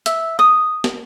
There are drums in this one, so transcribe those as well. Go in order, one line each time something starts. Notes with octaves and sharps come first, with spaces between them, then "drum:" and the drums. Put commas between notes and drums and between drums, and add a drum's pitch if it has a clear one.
E5, drum: hi-hat
D#6
drum: snare